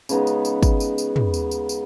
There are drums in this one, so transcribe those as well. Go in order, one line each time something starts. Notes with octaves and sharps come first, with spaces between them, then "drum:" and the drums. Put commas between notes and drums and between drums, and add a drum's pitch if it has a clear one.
C#3 G#3 B3 D#4, drum: tambourine
drum: tambourine
drum: tambourine
drum: kick, tambourine
drum: tambourine
drum: tambourine
drum: tom
drum: tambourine
drum: tambourine
drum: tambourine